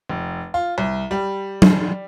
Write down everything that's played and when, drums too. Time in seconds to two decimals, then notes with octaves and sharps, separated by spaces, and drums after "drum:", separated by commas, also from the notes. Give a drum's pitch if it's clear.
0.10 F1
0.54 F4
0.78 C2
1.11 G3
1.62 drum: tom F#3